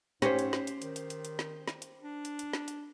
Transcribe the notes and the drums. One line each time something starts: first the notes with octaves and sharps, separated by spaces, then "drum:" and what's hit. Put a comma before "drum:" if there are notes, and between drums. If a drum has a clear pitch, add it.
G#2 C#4 G4 C5, drum: snare
drum: hi-hat
drum: snare
drum: hi-hat
D#3, drum: hi-hat
drum: hi-hat
drum: hi-hat
drum: hi-hat
drum: snare
drum: snare
drum: hi-hat
D4
drum: hi-hat
drum: hi-hat
drum: snare
drum: hi-hat